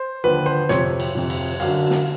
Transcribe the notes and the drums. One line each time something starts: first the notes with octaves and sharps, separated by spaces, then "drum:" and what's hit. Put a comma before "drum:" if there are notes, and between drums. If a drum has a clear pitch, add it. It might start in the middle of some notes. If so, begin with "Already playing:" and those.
Already playing: C5
D#2 D3 F3 B4
C5
F2 C3 F3 C#5, drum: snare
drum: cymbal
F2 C3 F3
drum: cymbal
F#2 D3 F#3 F5, drum: cymbal
drum: snare